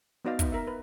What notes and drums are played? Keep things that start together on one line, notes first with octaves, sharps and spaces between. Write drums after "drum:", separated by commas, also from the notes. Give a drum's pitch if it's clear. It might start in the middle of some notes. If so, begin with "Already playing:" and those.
B3 D#4 F#4 D5 D#5 F5
B3 D#4 E5, drum: kick, hi-hat
A#4 E5
B4